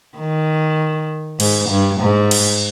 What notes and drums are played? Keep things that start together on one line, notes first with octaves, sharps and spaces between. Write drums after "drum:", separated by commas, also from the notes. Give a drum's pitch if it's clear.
D#3
G#2, drum: cymbal
G2
G#2
drum: cymbal